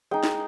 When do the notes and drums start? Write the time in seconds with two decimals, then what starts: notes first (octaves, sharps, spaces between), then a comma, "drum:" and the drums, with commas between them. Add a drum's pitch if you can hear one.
0.11 G#3 D#4 G5
0.23 drum: snare